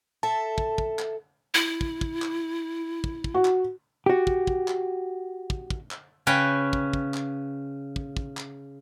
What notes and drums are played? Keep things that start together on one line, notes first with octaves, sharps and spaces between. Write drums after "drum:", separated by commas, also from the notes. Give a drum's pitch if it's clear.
A4 E5 A5
drum: kick
drum: kick
drum: clap
E4
drum: kick
drum: kick
drum: clap
drum: kick
drum: kick
F#4
drum: clap
F#4 G4
drum: kick
drum: kick
drum: clap
drum: kick
drum: kick
drum: clap
C#3 C#4 B4 G5
drum: kick
drum: kick
drum: clap
drum: kick
drum: kick
drum: clap